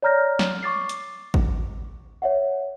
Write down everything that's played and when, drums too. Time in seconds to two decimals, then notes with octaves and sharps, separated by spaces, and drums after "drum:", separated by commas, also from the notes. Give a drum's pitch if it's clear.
0.02 C#5 D5 A#5 F6 G6 A#6
0.39 drum: snare
0.63 C#6 D6 A6 C7
0.89 drum: hi-hat
1.34 drum: kick G#1
2.22 C#5 E5 F#5